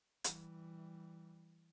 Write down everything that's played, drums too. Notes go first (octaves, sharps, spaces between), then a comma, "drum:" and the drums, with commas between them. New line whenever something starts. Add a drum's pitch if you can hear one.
E3 G3, drum: hi-hat